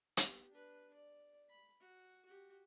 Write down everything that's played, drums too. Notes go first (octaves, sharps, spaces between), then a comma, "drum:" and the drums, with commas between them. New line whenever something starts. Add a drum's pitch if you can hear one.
B3 G4, drum: hi-hat
D4 B4
D5
B5
F#4
F#4 G4